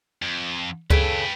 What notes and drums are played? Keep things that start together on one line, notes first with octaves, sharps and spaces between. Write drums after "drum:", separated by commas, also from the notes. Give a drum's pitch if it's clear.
F2
C#3 A4 B4 G5, drum: kick C#2